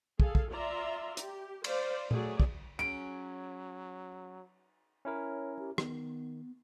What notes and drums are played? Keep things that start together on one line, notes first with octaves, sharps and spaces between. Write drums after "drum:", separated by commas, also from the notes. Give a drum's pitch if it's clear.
G#4 A4 F5, drum: kick
drum: kick
F4 D5 E5 A#5 C6
G4, drum: hi-hat
C5 D5 F5, drum: cymbal
F#3 A3 G#4 D5, drum: tom A#2
drum: kick
F#3 C#4 G#4 D7
C#4 E4 A#4 C#5
G4
D#3 B3, drum: rim click